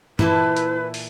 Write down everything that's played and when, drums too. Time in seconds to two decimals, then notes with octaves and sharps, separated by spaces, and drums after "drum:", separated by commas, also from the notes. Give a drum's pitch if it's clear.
0.19 A#2 E3 E4 A4 B4, drum: tom G2
0.57 drum: hi-hat
0.94 drum: open hi-hat